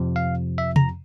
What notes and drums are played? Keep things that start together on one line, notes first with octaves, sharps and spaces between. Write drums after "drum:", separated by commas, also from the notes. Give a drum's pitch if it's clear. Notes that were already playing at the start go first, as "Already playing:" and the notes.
Already playing: F2 C3 F3
F5
E5
A#5, drum: tom C3